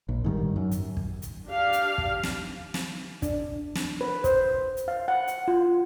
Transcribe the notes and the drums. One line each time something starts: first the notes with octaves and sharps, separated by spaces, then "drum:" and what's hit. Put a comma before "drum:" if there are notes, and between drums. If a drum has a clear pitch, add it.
A#1
G#2 D#3 G3
F#2
drum: hi-hat
drum: kick
drum: hi-hat
D4 G4 F5
drum: hi-hat
drum: kick
drum: snare
drum: snare
D4, drum: kick, hi-hat
drum: snare
B4
C5, drum: kick, hi-hat
drum: hi-hat
F5
F#5
drum: hi-hat
F4